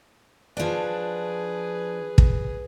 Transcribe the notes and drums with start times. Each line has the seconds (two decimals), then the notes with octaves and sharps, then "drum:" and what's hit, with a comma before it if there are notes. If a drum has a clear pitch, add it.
0.57 F3 D4 G#4 B4
2.18 drum: kick